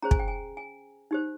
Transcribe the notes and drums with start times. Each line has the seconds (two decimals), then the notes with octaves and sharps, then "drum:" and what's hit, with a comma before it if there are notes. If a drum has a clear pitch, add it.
0.02 C#4 G#4 C5 A#5
0.11 G#5, drum: kick
0.19 G5
0.28 G#5
0.57 G#5
1.11 D#4 G4 C5